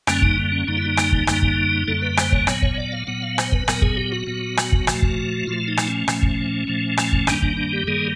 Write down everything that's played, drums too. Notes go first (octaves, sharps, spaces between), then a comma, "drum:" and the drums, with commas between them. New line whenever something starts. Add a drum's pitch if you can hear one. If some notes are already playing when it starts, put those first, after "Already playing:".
F#2 D3 G3 A#3 C#4, drum: rim click
D#4, drum: kick
C#4
F#2 D3 G3 A#3 D#4
E4
D#4
drum: rim click
drum: kick
F#2 D3 G3 A#3, drum: rim click
drum: kick
F#2 D3 G3 A#3 A4
B4
C5, drum: rim click
C#5, drum: kick
A#2 F#3 B3 C#5, drum: rim click
C#5, drum: kick
D5
F5
A#2 F#3 B3 F#5
F5
C5, drum: rim click
B4, drum: kick
A#2 F#3 B3 A#4, drum: rim click
G#4, drum: kick
G4
F#4
A#2 F#3 B3
drum: rim click
drum: kick
A#2 F3 A3, drum: rim click
drum: kick
A#2 F3 A3 F4
D#4
drum: rim click
C#4
A#2 F3 A3, drum: rim click
drum: kick
A#2 F3 A3
drum: rim click
drum: kick
G2 D#3 G3 A#3 D4, drum: rim click
D4, drum: kick
D4
G4
G2 D#3 G3 A#3 G#4